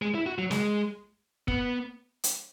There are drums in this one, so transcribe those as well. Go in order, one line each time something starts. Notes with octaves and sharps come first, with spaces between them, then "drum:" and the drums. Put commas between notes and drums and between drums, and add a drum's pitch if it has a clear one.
G#3
E4
F#4
F#3
G#3, drum: snare
B3, drum: kick
drum: hi-hat